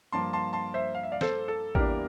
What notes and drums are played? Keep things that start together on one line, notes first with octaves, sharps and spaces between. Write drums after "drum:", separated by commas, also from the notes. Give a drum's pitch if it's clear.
G2 F3 A#3 A5 C6
A5 C6
A5 C6
C5 E5
F5
E5
D5 F5
A4 C5, drum: snare
A4
E2 E3 G3 A#3 D4 G4 A#4, drum: kick A1